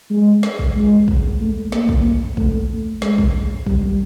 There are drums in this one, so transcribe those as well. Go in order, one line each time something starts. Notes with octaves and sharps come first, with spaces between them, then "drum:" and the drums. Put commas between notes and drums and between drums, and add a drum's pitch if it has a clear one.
G#3
drum: snare
drum: kick
G#3
drum: kick
A3
A#3, drum: snare
drum: kick
A3, drum: kick
G#3, drum: snare
drum: kick
G3, drum: kick